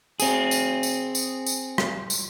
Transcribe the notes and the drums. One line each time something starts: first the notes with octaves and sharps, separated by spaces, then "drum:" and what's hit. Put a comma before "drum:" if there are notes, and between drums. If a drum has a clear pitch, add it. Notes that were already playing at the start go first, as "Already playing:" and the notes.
C4 G#4, drum: tambourine
drum: tambourine
drum: tambourine
drum: tambourine
drum: tambourine
drum: rim click
drum: tambourine